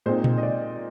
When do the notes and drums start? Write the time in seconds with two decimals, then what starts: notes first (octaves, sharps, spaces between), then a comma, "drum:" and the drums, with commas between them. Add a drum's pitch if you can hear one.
0.06 A#2 G#3 C4 D#4 C5
0.24 drum: tom A#2
0.38 D#5
0.43 D5